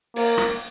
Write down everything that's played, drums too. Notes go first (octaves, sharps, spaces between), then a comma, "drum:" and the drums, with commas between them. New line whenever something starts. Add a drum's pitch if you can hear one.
A#3, drum: open hi-hat
drum: rim click